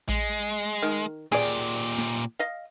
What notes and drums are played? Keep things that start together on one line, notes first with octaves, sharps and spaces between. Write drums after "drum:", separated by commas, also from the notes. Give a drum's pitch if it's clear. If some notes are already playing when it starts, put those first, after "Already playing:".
G#3, drum: kick A1
D#3
drum: hi-hat
A#2 G4 G#4 D5
drum: snare
D#5 F5, drum: hi-hat